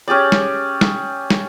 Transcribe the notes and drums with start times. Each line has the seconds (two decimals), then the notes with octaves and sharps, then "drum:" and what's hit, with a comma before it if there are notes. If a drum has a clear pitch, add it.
0.08 C#4 G4 G#4 D5
0.32 drum: snare
0.81 drum: snare
1.30 drum: snare